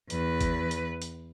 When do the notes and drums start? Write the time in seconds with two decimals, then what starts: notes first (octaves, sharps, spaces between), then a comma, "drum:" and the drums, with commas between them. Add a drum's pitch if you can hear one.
0.10 E2 B4, drum: hi-hat
0.41 drum: kick G#1, hi-hat
0.71 drum: hi-hat
1.02 drum: hi-hat